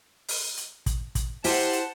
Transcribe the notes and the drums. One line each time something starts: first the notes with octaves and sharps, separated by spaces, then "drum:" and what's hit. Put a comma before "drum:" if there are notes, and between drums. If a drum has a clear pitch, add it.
drum: open hi-hat
drum: hi-hat
drum: kick, hi-hat
drum: kick, hi-hat
E4 G4 C5 F#5 A5, drum: open hi-hat
drum: hi-hat